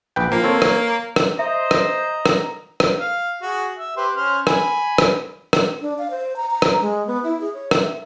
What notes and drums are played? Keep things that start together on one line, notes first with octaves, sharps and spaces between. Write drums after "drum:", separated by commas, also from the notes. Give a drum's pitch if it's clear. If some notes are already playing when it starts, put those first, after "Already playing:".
A#1 B4 G5
F3 A#3
C4 A4 C#5
C#5, drum: rim click
drum: rim click
C5 D#5 E5 A#5
drum: rim click
drum: rim click
drum: rim click
F5
F#4 G#4
E5
G4 B4 C5
C#4 C5 F6
G#5 B5, drum: rim click
drum: rim click
drum: rim click
D4
F5
C5
A#5
A#5
drum: rim click
G#3
B3
E4
G#4
C#5
drum: rim click
E5